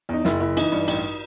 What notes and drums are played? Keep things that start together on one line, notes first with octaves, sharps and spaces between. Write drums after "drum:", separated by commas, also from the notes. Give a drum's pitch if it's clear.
E2 D#4
F#1 E4, drum: snare
F#1 E4
E3 D#4, drum: cymbal
G2
A1, drum: cymbal